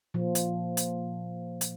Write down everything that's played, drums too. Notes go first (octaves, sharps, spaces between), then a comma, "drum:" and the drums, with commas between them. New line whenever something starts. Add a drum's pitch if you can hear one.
A#2 F3
drum: hi-hat
drum: hi-hat
drum: hi-hat